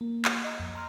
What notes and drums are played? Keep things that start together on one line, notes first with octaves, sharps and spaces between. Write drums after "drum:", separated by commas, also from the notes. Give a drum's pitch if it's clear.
A#3
drum: clap
D#5 A#5
F2
A#5 C6 F6